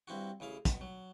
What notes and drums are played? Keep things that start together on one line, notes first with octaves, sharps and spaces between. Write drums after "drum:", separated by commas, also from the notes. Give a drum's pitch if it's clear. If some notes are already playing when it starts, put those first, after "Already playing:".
G2 C4 E4 F#4
A1 C#3 E4 F5
B2, drum: kick, hi-hat
F#3